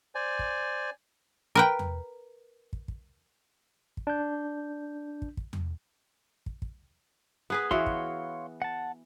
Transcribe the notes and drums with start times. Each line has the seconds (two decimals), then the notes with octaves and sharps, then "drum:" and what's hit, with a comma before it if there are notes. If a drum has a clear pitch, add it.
0.15 C5 D5 G#5
0.39 drum: kick
1.55 A#4 B4 G5
1.79 drum: tom E2
2.73 drum: kick
2.88 drum: kick
3.97 drum: kick
4.07 D4 G6
5.22 drum: kick
5.37 drum: kick
5.53 drum: tom E2
6.46 drum: kick
6.62 drum: kick
7.50 B3 G#4 B4
7.71 E3 F#4 C#5 F5 C6, drum: kick
7.86 drum: kick
8.62 F#5 A5